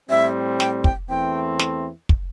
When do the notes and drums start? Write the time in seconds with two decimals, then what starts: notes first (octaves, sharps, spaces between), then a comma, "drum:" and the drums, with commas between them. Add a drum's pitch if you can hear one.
0.10 A2 G3 C4 E5
0.60 G5, drum: snare
0.84 G5, drum: kick
1.09 E2 E3 A3 C4 G5
1.59 drum: snare
2.09 drum: kick